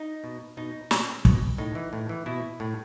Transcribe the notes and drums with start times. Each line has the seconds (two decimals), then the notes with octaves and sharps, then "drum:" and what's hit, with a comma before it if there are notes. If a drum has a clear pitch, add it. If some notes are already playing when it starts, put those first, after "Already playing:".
Already playing: D#4
0.24 B2
0.57 B2 D#4
0.91 B2 C#4, drum: snare
1.25 B2, drum: kick
1.58 A2 D#4
1.75 E3
1.93 A2
2.09 E3
2.26 B2 E4
2.60 A2